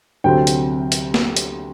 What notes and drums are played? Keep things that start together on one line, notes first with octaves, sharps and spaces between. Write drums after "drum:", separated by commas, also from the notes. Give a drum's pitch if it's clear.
D2 C3 F#3 C4 G5
drum: hi-hat
drum: hi-hat
drum: snare
drum: hi-hat